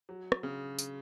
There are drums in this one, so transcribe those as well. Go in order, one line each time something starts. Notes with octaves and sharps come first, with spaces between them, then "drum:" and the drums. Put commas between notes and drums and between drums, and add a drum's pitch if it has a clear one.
F#3
drum: rim click
C#3
drum: tambourine